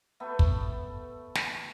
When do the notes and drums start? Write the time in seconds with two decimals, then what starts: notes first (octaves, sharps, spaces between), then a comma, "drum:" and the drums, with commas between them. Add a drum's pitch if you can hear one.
0.20 A3 B3
0.39 drum: kick
1.35 drum: snare